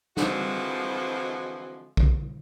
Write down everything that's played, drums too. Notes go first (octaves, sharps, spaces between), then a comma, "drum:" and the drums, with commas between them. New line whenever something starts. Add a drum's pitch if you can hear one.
D3 E3 F3 G#3 C4 F#4, drum: snare
drum: kick